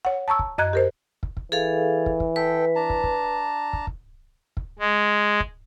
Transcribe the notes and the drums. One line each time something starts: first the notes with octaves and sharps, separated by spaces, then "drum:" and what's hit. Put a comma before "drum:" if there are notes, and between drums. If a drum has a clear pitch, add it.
C#5 F#5
A5 A#5 C#6 E6
drum: kick
F#2 D#5 A#5 F#6 G#6
G4 A#4 C5
drum: kick
drum: kick
E3 G#4 A4 F5
drum: kick
drum: kick
A4 B4 G5
D4 A5 A#5
drum: kick
drum: kick
drum: kick
drum: kick
drum: kick
G#3
drum: kick